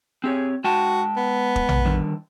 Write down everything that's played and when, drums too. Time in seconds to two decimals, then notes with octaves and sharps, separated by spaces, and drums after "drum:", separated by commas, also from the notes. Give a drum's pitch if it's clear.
0.24 C4 G4 G#4 C#5
0.64 G#3 F#4 G5 A5
1.16 B3
1.56 drum: kick
1.69 drum: tom A#1
1.86 D3 D#3 G3